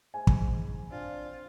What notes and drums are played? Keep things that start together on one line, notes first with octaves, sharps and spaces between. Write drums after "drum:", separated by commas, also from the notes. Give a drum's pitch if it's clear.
G#2 G#5
drum: kick
C4 D4 F4